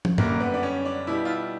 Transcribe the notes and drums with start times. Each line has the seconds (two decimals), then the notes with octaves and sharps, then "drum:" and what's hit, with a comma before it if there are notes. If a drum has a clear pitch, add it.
0.05 drum: tom
0.18 F#2 D3 G3 A#3, drum: tom G2
0.40 B3
0.54 D4
0.63 C#4
0.85 D4
1.07 B2 G3 E4
1.25 F4
1.30 E4